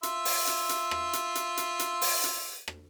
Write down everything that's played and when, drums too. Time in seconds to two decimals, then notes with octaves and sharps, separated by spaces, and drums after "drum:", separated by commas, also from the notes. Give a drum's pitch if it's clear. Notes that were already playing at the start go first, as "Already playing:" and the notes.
0.03 F4 E5 C6, drum: hi-hat
0.25 drum: open hi-hat
0.47 drum: hi-hat
0.69 drum: hi-hat
0.91 drum: rim click
1.13 drum: hi-hat
1.35 drum: hi-hat
1.57 drum: hi-hat
1.79 drum: hi-hat
2.02 drum: open hi-hat
2.24 drum: hi-hat
2.68 drum: rim click